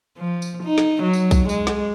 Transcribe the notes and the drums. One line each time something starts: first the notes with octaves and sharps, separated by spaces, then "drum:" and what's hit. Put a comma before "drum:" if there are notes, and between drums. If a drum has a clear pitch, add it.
F3
drum: tambourine
D#4
drum: snare
F#3
drum: tambourine
drum: kick B1, tambourine
G#3, drum: tambourine
drum: snare